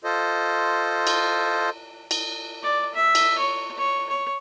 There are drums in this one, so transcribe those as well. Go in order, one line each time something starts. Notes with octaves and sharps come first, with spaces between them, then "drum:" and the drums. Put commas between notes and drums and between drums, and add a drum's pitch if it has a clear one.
F4 A4 C5 D#5
drum: cymbal
drum: cymbal
D5
E5
drum: cymbal
C#5
C#5
C#5